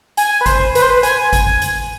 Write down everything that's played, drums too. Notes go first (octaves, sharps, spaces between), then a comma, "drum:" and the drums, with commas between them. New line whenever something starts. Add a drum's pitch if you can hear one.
G#5, drum: hi-hat
B4
C5, drum: kick G#1, hi-hat
B4, drum: hi-hat
C5
B4
G#5, drum: hi-hat
drum: kick G#1, hi-hat
drum: hi-hat